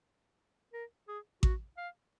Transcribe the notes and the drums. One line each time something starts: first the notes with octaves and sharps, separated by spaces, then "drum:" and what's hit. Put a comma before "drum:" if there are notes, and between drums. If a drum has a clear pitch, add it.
A#4
G#4
F#4, drum: kick A1
F5